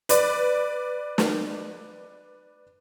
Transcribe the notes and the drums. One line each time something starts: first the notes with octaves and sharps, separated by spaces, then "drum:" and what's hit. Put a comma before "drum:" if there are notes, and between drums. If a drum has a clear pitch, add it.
B4 D5, drum: hi-hat
drum: snare